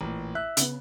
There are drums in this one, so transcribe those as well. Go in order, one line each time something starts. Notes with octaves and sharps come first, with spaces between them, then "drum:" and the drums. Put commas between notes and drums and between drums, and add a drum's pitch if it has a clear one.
A1 A#2
E5 F#6
C#3 B3, drum: hi-hat